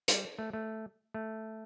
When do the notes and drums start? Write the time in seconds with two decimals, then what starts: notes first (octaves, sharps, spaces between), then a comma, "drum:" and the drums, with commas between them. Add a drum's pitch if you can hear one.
0.08 G3, drum: hi-hat
0.39 A3
0.53 A3
1.14 A3